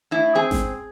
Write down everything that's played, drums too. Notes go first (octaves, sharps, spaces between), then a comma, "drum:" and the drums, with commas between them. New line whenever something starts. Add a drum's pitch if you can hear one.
A2 E4
C4 G#4
drum: snare G#1